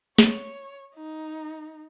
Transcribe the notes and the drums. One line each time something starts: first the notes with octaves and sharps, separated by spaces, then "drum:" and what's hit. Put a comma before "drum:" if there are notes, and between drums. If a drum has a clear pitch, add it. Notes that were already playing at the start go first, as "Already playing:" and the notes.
C#5, drum: snare
D#4